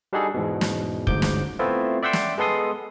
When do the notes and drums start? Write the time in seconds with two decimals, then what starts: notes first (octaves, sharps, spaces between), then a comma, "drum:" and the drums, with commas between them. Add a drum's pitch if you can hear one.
0.13 G3 D4 D#4 F#4 G#4 A4
0.34 E2 G#2 B2
0.61 drum: snare
1.07 G1 D2 G#2 D6 G6, drum: kick
1.22 drum: snare
1.59 A3 B3 C4 E4 F4
2.03 D5 E5 F#5 G5 C6 E6
2.13 drum: snare
2.38 G#3 B3 A4 C6 D#6